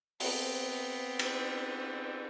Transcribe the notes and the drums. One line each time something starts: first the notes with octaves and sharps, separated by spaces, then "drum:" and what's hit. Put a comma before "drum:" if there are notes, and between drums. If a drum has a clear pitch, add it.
B3 C4, drum: open hi-hat
drum: cymbal